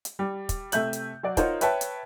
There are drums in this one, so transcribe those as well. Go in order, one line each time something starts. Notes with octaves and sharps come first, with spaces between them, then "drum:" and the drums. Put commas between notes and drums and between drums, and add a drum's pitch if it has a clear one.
drum: hi-hat
G3
drum: kick, hi-hat
C3 A3 E5 G6 F#7, drum: hi-hat
drum: hi-hat
F#3 F#4 D5
D#4 F4 A#4 C5 C#5 F#5, drum: kick, hi-hat
B4 C#5 E5 G5 A5, drum: hi-hat
drum: hi-hat